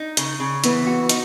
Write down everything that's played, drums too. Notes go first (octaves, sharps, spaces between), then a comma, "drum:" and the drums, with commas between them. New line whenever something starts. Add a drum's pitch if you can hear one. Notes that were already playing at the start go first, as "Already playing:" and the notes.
Already playing: D#4
C#3, drum: hi-hat
C#3
E3 B3, drum: hi-hat
F#4
D#4, drum: hi-hat